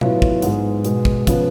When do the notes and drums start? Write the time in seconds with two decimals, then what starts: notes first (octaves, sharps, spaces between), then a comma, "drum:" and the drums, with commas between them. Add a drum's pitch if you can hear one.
0.01 A2 F#3 B3 F4, drum: tom B2
0.22 drum: kick
0.42 G#2 G#3 B3, drum: hi-hat
0.84 B2 G#3 B3, drum: hi-hat
1.05 drum: kick
1.27 C#3 F3 B3, drum: kick, hi-hat